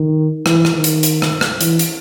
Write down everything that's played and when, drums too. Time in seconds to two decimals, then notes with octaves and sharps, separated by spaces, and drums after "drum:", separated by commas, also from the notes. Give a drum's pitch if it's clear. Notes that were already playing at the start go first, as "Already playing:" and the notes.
Already playing: D#3
0.46 E3, drum: rim click
0.65 drum: rim click
0.75 D#3
0.84 drum: hi-hat
1.03 drum: hi-hat
1.22 drum: rim click
1.41 drum: rim click
1.61 E3, drum: hi-hat
1.79 drum: hi-hat